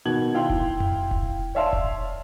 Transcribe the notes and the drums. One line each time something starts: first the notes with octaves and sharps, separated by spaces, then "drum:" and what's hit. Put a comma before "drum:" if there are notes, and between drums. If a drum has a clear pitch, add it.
B2 D#3 F#4 G#6 F#7
E4 F5 G5 C6
drum: kick E1
drum: tom F2
drum: kick E1
C#5 D5 E5 F5 A5 C6
drum: kick E1